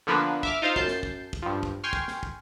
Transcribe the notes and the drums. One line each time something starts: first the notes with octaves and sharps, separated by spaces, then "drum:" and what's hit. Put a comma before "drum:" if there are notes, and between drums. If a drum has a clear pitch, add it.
D3 F3 A#3 B3 D4 B4
E5 D6 F6, drum: kick
D#4 F4 C5 F5
F#2 A5 G6 C7, drum: kick
drum: snare
drum: kick
drum: kick
G2 F3
drum: kick
G5 G#5 C6 C#6 F6
drum: kick
drum: snare
drum: kick